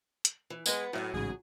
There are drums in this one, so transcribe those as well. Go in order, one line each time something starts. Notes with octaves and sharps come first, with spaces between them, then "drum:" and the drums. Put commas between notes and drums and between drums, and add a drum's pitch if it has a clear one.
drum: hi-hat
E3
G#3 B3 B4, drum: tambourine
A2 F#3 D#5 G#5
A1 G#2 C#3 G#4